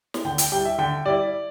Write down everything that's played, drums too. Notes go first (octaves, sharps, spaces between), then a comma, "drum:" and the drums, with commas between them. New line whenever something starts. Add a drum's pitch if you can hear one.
drum: snare
D3 G5
G5, drum: hi-hat
G3 E4 G5
E5
D3 G5
G3 E4 D5